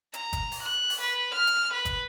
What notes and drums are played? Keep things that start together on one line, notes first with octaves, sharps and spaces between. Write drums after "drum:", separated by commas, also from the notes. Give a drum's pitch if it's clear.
A#5, drum: hi-hat
drum: kick G1, hi-hat
drum: open hi-hat
F#6
drum: open hi-hat
B4
F6
drum: hi-hat
B4
drum: kick G1, hi-hat